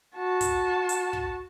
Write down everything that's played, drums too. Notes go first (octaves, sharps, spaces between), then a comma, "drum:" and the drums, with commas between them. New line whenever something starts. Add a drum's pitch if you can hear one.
F#4 A5
drum: kick, hi-hat
drum: hi-hat
drum: kick